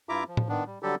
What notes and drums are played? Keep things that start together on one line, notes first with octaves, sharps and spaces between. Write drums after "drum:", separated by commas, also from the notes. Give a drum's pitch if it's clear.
G2 E4 F4 E5 A#5 D6
F3
drum: tom A2
D#3 B3 D4
G3
D3 F#3 G3 G4 A4